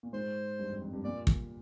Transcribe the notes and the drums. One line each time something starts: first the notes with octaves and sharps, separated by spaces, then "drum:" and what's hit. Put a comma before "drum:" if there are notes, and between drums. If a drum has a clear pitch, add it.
A#2
G#2 C5
G2
F2
F2
G2
A#2 D5
drum: kick